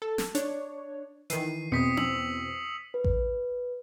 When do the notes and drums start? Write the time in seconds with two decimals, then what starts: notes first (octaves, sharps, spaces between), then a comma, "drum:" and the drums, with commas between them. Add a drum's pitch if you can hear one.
0.02 A4
0.18 drum: snare
0.35 D4 C#5, drum: hi-hat
1.30 D#3 E3 C7 D#7, drum: hi-hat
1.72 E2 B2 C4 D#6 B6 C#7
1.97 E6 F#7, drum: tom C4
2.94 B4
3.04 drum: kick A1